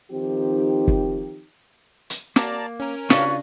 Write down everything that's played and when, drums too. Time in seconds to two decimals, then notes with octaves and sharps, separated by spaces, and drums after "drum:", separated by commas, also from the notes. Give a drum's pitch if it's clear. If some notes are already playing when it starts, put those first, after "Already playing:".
0.10 D#3 F3 C4 D#4 G4
0.88 drum: kick
2.10 drum: hi-hat
2.36 A#3 D5 A5 A#5, drum: snare
2.80 C#4 A#4
3.10 C#3 D4 F4 B4 C#5 D#5 C#6, drum: snare